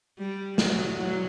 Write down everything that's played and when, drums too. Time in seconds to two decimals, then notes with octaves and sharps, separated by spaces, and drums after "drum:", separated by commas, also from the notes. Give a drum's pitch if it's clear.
0.19 G3
0.58 F#3, drum: snare
0.98 F#3